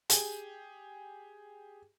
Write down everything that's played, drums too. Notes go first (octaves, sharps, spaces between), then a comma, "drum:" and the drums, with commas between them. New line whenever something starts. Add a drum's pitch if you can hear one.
G4 G#4, drum: hi-hat